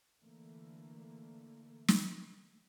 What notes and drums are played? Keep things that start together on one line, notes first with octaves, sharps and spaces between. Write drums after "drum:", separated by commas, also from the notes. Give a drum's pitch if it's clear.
D3 E3 A3 A#3
drum: snare